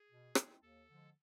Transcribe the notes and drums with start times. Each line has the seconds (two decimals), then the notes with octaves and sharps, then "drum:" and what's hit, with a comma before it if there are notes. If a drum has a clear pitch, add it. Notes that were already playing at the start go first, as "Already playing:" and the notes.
Already playing: G#4
0.09 B2
0.35 G#3 C4 E4, drum: rim click
0.62 D#2 A4
0.88 D3 F3 G#3